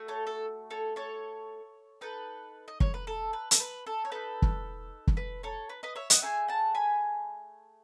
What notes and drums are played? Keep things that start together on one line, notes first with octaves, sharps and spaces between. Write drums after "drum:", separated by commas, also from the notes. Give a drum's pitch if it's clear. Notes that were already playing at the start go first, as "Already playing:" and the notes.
Already playing: A3 F#4
A4 C#5
A4
A4 C#5
A4 C#5
D#4 A4 B4
D#5
C#5, drum: kick
B4
A4
B4
A4, drum: hi-hat
B4
A4
C#5
D#4 A4 B4
drum: kick
drum: kick
B4
A4 C#5
B4
B4 D#5
C#5 E5
D#5 F#5, drum: hi-hat
A3 D#4 G#4 E5 G#5
F#5 A5
G#5 B5